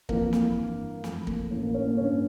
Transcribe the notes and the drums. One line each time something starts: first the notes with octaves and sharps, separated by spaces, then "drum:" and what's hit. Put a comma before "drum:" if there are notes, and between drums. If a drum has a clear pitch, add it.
F2 E3 A#3, drum: kick
drum: snare
G2 E3
F2 E3 A3, drum: snare
A#3, drum: kick
A2 E3 C#4
A#3
C#4
A#3
G2 D3 C#4